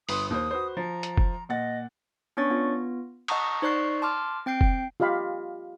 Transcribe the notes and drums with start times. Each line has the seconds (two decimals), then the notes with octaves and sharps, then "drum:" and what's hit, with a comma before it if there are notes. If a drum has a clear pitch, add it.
0.09 G1 B4 C6 D#6, drum: open hi-hat
0.30 D#2 C5 D#6
0.51 F#4 B4 C5
0.77 F3 A#5
1.03 drum: hi-hat
1.18 drum: kick
1.49 A#2 D#5 F#5 A6
2.37 B3 C#4 D4 C#5 C#6 A6
2.50 B3 F4
3.28 D#5 F#5 A5 A#5 C#6 D#6, drum: cymbal
3.62 D#4 C5 D5 C#6 F#6 C7
4.02 A5 C6 D6 F6
4.46 C4 G5 G6 C7 D7
4.61 drum: kick
5.00 F4 G4 D#5 F5 B5